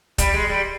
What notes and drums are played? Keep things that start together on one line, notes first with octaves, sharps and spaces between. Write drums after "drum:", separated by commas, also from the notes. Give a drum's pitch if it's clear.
G3, drum: kick, hi-hat
G#3
G3